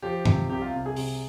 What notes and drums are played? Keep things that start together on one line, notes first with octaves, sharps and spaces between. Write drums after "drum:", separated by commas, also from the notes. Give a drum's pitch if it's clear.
F3 G4
C3, drum: tom
C2 G4
F4
C2
G#4
C3, drum: open hi-hat